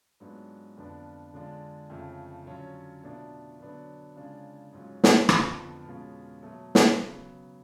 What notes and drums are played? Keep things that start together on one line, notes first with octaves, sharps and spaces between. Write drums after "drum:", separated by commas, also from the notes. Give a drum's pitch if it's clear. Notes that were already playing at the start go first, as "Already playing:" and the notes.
G#2 F#3 B3 D4 F4
F2 D3 F3 B3 D4
D3 G#3 D4 F4
F2 C#3 F3 A3
D3 F#3 C#4 F4
B2 A3 D4 F4
D3 F#3 B3 D4
C#3 G#3 D4 F4
G#2 F#3 C#4 F4
drum: snare
F2 D3 F3 B3 F4, drum: rim click
B2 G#3 C#4 F4
B2 F#3 A3
drum: snare
C#3 F#3 B3